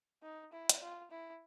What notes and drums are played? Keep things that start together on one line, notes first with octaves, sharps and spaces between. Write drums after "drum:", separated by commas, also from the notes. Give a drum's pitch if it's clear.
D#4
E4
drum: hi-hat
F4
E4